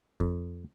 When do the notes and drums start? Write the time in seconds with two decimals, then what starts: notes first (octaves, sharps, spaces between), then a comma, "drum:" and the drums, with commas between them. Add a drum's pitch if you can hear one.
0.20 F2, drum: kick